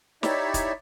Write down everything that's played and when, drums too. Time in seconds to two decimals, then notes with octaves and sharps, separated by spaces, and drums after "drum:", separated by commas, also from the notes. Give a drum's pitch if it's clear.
0.23 D#4 E4 G4 C#5 D5 E5, drum: snare
0.54 drum: kick, hi-hat